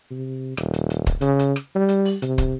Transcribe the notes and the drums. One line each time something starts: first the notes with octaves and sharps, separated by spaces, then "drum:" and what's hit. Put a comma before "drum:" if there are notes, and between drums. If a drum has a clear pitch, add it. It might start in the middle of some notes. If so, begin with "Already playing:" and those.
C3
D#1, drum: rim click
drum: hi-hat
drum: hi-hat
drum: kick, hi-hat
C#3, drum: hi-hat
drum: hi-hat
drum: rim click
G3
drum: hi-hat
drum: open hi-hat
C3, drum: hi-hat
drum: kick, hi-hat